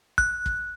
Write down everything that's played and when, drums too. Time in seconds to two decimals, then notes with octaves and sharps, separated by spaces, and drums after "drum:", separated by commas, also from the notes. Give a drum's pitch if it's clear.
0.18 F#6, drum: kick
0.46 drum: kick